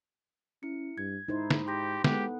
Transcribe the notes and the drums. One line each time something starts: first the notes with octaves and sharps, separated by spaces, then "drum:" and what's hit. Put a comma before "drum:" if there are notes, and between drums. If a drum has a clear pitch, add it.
C#4 E4 C#7
G2 G#6
G#2 D#4 E4 C5
drum: snare
G4 C6 G6 A#6
G#3 B3 G4 A4 F#5, drum: snare